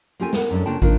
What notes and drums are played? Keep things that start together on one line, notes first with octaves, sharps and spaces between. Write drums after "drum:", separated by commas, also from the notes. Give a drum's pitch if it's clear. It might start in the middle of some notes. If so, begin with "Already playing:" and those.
A#3 C#4 F4 G4 A4 G#5
B3 A#4 F#5, drum: snare
F#2 C#4 D4 A4
C#3 A#3 D4 F4 G5 A5
F3 A#3 D4 D#4 F4 A#4, drum: kick